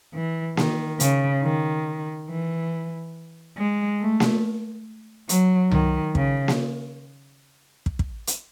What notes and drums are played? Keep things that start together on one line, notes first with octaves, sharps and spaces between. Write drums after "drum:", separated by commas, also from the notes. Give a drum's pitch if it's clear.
E3
D#3, drum: snare A#3
C#3, drum: hi-hat
D#3
E3
G#3
A3
drum: snare A#3
F#3, drum: hi-hat
D#3, drum: tom C2
C#3, drum: kick
drum: snare A#3
drum: kick
drum: kick
drum: hi-hat